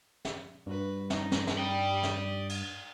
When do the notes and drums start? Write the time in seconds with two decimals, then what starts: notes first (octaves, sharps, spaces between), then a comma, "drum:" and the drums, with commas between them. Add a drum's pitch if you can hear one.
0.25 drum: snare
0.66 G2 F#4 B4
1.10 D#4, drum: snare
1.32 drum: snare
1.47 drum: snare
1.59 D5 G5 D#6
2.03 drum: snare
2.49 drum: cymbal